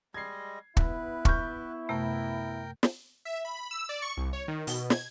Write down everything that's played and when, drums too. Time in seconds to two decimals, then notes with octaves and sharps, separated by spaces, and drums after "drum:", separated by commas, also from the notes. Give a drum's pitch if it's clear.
0.14 G3 G#3 D#5 G#6 C7
0.77 B3 E4 B4, drum: kick
1.25 C#6 F6 G6, drum: kick
1.89 F#2 C3 A3 A#4 G5
2.83 drum: snare
3.25 E5
3.45 B5
3.71 E6
3.89 D5
4.02 C#6
4.17 C2
4.33 C#5
4.48 D#3
4.67 B2, drum: open hi-hat
4.90 G#6, drum: snare